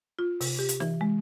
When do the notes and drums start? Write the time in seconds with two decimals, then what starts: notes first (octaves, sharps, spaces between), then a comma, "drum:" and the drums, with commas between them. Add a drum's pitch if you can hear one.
0.19 F4
0.41 C3, drum: open hi-hat
0.59 G4
0.69 drum: hi-hat
0.80 E3, drum: snare
1.01 G#3